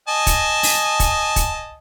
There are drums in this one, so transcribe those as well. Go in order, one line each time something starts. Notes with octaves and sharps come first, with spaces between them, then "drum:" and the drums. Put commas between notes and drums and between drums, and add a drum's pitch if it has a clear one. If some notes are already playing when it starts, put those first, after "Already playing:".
D#5 G#5 A5
drum: kick, hi-hat
drum: open hi-hat
drum: kick, hi-hat
drum: kick, hi-hat